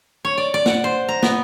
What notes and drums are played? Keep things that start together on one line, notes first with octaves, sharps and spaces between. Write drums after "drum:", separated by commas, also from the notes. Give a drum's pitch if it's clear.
C#5
D5
D5
F#5, drum: snare
C5
A#5
B3, drum: snare